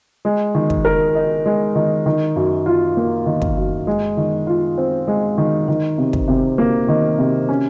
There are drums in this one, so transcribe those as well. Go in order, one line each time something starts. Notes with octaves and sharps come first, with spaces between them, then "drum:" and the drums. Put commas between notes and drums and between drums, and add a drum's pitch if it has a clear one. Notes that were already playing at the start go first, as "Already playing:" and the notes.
G#3
D#3
drum: kick
A#4
D#4
G#3
D#3
D#3
F#2
F4
A#3
D#3
drum: kick
F#2
G#3
D#3
F4
C4
G#3
D#3
D#3
C3
drum: kick
C3
A#3
D#3
C3
C#4